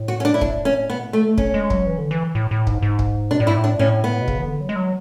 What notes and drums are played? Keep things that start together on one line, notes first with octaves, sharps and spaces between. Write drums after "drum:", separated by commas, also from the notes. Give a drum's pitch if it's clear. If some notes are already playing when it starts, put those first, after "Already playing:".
Already playing: A2
F#4
C#4
D4
E4
D4, drum: kick
C#4
B2 B3
A2
A3
B2
C#4, drum: kick
G#3
F#3, drum: kick
E3
D3
E3
A2
A2
G#2, drum: kick
G#2
drum: kick
B2 D4
A2
G#2 E4
A2
D4
A2 C#4
B3
B2
C#3, drum: kick
E3
D3
F#3
G#3
F#3